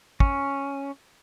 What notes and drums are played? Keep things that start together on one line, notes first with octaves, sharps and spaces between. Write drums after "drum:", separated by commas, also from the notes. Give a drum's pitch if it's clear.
C#4, drum: kick